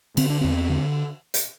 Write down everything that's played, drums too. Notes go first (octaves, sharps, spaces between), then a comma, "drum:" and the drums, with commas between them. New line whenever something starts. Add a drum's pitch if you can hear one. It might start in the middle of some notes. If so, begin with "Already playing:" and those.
D3 C4, drum: cymbal
D4
E2 C4
D3
drum: hi-hat